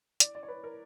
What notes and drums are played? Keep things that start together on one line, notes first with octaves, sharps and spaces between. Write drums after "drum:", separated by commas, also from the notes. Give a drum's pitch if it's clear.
D5, drum: hi-hat
D5
C#5
B4
A#4